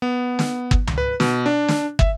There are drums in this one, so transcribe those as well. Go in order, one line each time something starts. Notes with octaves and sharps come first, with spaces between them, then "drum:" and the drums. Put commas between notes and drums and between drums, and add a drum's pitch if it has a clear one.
B3
drum: snare
drum: kick
drum: tom C#2
B4
B2, drum: snare
D4
drum: snare
E5, drum: kick